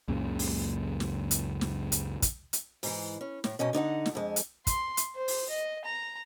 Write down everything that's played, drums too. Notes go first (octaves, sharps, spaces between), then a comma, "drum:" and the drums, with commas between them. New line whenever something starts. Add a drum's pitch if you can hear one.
C#2 F#2 A#2 C#3
drum: open hi-hat
drum: snare
drum: hi-hat
drum: snare
drum: hi-hat
drum: kick, hi-hat
drum: hi-hat
G#2 E3, drum: open hi-hat
C#4
A2, drum: snare
G#2 B2 C#4 D#5
D3 D#4 C#5 F#5
drum: snare
F2 G#3
drum: hi-hat
C6, drum: kick, hi-hat
drum: hi-hat
C5
drum: open hi-hat
D#5
A#5